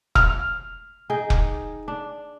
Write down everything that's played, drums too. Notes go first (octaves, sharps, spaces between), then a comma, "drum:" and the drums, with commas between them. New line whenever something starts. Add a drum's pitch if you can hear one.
F6, drum: kick F1
D#4 G#4 G5
drum: kick F1
D4